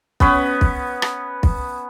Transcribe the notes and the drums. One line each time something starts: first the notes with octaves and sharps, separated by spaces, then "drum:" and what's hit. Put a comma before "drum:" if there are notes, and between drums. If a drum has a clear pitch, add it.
B3 C#4 B4, drum: kick
drum: kick
drum: rim click
drum: kick